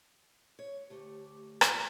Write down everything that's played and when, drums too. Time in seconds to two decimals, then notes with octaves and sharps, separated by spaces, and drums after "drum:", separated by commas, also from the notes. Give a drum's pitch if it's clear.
0.59 C#5
0.90 D2 A3 G4
1.61 F4, drum: rim click